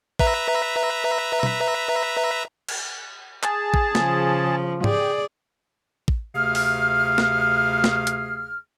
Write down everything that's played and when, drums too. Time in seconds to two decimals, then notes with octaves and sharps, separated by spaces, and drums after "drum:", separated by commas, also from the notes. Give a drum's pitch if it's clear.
0.19 B4 E5 A#5, drum: kick A1
1.43 drum: tom B2
2.69 drum: cymbal
3.43 G#4 A5, drum: clap
3.74 drum: kick A1
3.95 C#3 F3, drum: snare
4.84 G4 G#4 D5, drum: tom G#2
6.08 drum: kick A1
6.35 D2 C3 A3 G#4 F5 F6
6.55 drum: open hi-hat
7.18 drum: snare
7.84 drum: snare
8.07 drum: hi-hat